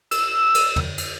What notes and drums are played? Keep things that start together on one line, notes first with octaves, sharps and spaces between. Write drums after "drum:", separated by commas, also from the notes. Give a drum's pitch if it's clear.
E6, drum: cymbal
drum: cymbal
drum: tom
drum: cymbal